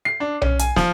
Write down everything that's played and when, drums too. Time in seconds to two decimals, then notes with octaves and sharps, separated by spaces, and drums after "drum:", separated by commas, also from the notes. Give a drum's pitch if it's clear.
0.05 C7
0.20 D4
0.42 C#4, drum: tom B1
0.59 G#5, drum: hi-hat
0.76 F3, drum: snare